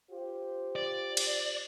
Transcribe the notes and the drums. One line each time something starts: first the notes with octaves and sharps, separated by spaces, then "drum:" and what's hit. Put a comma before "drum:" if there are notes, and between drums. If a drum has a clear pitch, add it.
F4 G4 C5
D5
drum: cymbal